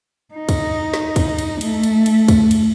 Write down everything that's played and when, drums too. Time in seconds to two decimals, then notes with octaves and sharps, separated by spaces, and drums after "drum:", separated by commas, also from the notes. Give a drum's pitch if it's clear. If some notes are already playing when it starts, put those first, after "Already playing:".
0.34 D#4
0.49 drum: kick, cymbal
0.94 drum: snare
1.16 drum: kick, cymbal
1.39 drum: cymbal
1.61 A3, drum: cymbal
1.83 drum: cymbal
2.06 drum: cymbal
2.28 drum: kick, cymbal
2.51 drum: cymbal